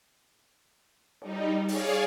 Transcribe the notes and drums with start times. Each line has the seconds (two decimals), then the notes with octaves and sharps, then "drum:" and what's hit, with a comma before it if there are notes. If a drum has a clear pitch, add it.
1.22 G3 D#4, drum: cymbal
1.68 G#4 C#5 D5 F5, drum: open hi-hat